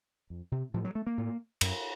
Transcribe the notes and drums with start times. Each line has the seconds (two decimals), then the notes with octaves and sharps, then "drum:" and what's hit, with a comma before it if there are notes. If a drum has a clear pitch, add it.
0.30 F2
0.52 C3
0.74 A2 F3
0.85 F#3
0.95 A3
1.07 A#3
1.18 A2
1.61 F#2, drum: cymbal